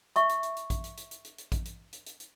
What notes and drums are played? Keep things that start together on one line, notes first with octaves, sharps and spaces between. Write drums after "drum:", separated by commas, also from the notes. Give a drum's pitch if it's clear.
E5 C#6, drum: hi-hat
drum: hi-hat
drum: hi-hat
drum: hi-hat
drum: kick A1, hi-hat
drum: hi-hat
drum: hi-hat
drum: hi-hat
drum: hi-hat
drum: hi-hat
drum: kick A1, hi-hat
drum: hi-hat
drum: hi-hat
drum: hi-hat
drum: hi-hat